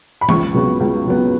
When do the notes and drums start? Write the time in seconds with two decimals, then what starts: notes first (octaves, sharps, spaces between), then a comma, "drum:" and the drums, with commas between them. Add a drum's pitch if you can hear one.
0.21 B5
0.28 C#2 C#6, drum: tom E3
0.54 C#3 F#3 B3
0.80 C#2
1.06 C#3 F#3 B3